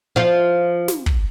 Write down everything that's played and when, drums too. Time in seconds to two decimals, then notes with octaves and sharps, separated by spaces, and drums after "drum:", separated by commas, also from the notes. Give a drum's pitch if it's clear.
0.16 F3 F4
0.88 drum: snare
1.06 drum: kick